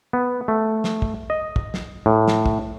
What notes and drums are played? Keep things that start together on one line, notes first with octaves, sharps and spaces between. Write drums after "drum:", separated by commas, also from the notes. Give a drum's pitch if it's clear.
B3
A3
drum: snare
drum: kick
D#5
drum: kick
drum: snare
A2
drum: snare
drum: kick